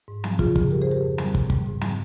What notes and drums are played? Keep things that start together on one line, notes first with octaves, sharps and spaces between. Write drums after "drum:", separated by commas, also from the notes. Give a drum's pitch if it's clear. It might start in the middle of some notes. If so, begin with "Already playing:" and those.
G#2
F3, drum: snare
C#3 F4 G#4, drum: kick
C#3, drum: kick
G#4
G3 G4 A#4
F2 G#4 C5
G4 A#4
F2
G3, drum: snare
C#3, drum: kick
G3, drum: kick
G#2
drum: snare